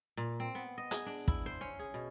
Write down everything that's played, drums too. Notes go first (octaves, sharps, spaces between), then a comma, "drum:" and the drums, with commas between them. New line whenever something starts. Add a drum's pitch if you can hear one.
A#2
C4
B3
D#5
G#4, drum: hi-hat
D4
E4, drum: kick
C5
C#4
G#4
B2